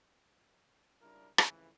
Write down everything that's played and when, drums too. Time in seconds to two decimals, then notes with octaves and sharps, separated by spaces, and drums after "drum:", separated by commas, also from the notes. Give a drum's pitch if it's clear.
1.01 C#3 G3 D4 E4 F4 A#4
1.38 F2 A2 C#3 E3, drum: rim click